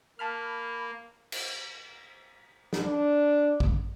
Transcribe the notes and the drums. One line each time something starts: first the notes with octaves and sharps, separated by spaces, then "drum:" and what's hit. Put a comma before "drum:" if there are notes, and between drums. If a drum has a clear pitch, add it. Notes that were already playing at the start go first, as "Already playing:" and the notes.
A#3 A5 B5 F6
drum: cymbal
drum: snare
D4
drum: kick A1